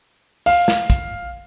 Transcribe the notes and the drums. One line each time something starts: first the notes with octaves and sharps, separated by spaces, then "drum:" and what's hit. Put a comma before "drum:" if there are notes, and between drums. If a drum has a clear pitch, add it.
F5, drum: open hi-hat
drum: snare
drum: kick, hi-hat